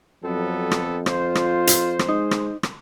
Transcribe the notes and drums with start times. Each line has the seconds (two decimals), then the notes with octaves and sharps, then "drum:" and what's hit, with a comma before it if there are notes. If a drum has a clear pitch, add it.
0.24 F2 F#3 B3 C4 A4
0.71 drum: rim click
1.06 F4 C5, drum: rim click
1.35 drum: rim click
1.67 drum: hi-hat
1.99 drum: rim click
2.08 G#3 D#4
2.31 drum: rim click
2.63 drum: rim click